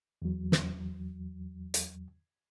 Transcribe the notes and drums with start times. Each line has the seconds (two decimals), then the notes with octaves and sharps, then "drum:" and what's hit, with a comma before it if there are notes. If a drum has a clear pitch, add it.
0.22 E2 F#3
0.52 drum: snare
1.74 drum: hi-hat